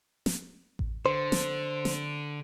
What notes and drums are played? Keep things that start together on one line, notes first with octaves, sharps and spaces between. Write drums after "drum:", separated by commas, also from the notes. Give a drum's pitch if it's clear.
drum: snare
drum: kick A1
D3 C5
drum: snare
drum: snare